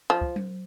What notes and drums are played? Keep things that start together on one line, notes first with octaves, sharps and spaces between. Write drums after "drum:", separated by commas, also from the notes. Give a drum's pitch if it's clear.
F3
drum: kick
drum: tom F#3